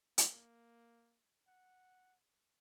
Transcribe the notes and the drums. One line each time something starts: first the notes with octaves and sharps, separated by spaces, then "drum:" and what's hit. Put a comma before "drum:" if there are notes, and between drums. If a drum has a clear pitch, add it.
A#3, drum: hi-hat
F#5